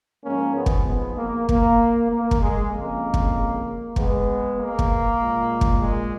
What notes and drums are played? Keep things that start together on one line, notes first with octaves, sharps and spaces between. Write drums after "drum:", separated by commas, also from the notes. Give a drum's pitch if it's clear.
G#2 F3 G#3 A#3 C#4
G#3 B3
drum: kick
G#3 B3
A#3
A#3, drum: kick
A#3
drum: kick
G#3
F2 C#3 F3 G#3 A#3
drum: kick
G#3 B3, drum: kick
A#3
drum: kick
A#2 G#3
drum: kick
G#3